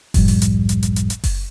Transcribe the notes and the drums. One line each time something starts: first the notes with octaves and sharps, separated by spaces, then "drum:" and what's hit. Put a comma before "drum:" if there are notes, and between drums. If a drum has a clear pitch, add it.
G1 C2 F#2 A2 F3 G3, drum: kick F#1, open hi-hat
drum: open hi-hat
drum: hi-hat
drum: hi-hat
drum: hi-hat
drum: hi-hat
drum: hi-hat
drum: kick F#1, open hi-hat